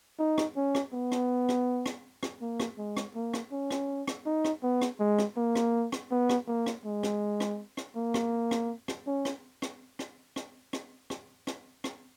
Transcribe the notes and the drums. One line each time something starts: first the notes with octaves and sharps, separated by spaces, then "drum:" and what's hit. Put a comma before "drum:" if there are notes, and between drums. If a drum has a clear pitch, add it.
D#4
drum: rim click
C#4
drum: rim click
B3
drum: rim click
drum: rim click
drum: rim click
drum: rim click
A#3
drum: rim click
G#3
drum: rim click
A#3
drum: rim click
C#4
drum: rim click
drum: rim click
D#4
drum: rim click
B3
drum: rim click
G#3
drum: rim click
A#3
drum: rim click
drum: rim click
B3
drum: rim click
A#3
drum: rim click
G#3
drum: rim click
drum: rim click
drum: rim click
A#3
drum: rim click
drum: rim click
drum: rim click
C#4
drum: rim click
drum: rim click
drum: rim click
drum: rim click
drum: rim click
drum: rim click
drum: rim click
drum: rim click